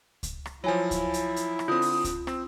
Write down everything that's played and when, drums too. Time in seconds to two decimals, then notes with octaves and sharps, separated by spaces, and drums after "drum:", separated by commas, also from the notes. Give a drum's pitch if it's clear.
0.23 drum: kick C#2, hi-hat
0.46 drum: rim click
0.64 F3 F#3 E4 C#5 G#5
0.91 drum: kick C#2, hi-hat
1.14 drum: hi-hat
1.36 drum: hi-hat
1.59 drum: rim click
1.68 D3 C4 F4 D#6
1.82 drum: open hi-hat
2.04 drum: kick C#2, hi-hat
2.27 C4 E6, drum: rim click